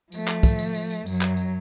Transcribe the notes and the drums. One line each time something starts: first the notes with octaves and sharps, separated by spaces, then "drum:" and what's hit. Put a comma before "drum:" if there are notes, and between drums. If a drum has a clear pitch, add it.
F3 A3, drum: tambourine
drum: clap
drum: kick, tambourine
drum: tambourine
drum: tambourine
drum: tambourine
F#2 F#3, drum: tambourine
drum: clap
drum: tambourine